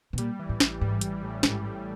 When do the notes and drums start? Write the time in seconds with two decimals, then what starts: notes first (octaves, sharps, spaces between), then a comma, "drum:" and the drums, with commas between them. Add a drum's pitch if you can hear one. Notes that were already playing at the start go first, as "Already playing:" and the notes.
0.13 B2
0.18 A#2 G3, drum: hi-hat
0.39 E3
0.49 A2
0.60 A1, drum: snare
0.81 G#2 G3
1.01 E3, drum: hi-hat
1.23 A2
1.43 G#2 G3, drum: snare
1.64 G3